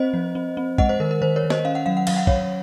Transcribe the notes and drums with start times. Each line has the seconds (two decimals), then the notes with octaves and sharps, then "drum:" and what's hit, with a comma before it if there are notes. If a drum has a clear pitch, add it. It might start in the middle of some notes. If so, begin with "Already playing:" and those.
Already playing: C4 C5 D#5
0.14 F3
0.35 C4
0.57 C4
0.78 G#3 D#5 F#5, drum: kick
0.89 C5
1.00 D#3 A#4
1.11 A#4
1.22 D#3 C5
1.36 A#4 C#5
1.44 D#3
1.50 C5 D#5, drum: snare
1.65 C#4 F5
1.75 F#5
1.86 F#3 F5
1.97 F#5
2.07 F#3 F5, drum: cymbal
2.17 F#5
2.27 F#3 C#5 F5, drum: kick